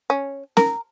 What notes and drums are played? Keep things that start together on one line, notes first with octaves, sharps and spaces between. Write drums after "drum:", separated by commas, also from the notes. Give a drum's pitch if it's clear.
C#4
A#4, drum: snare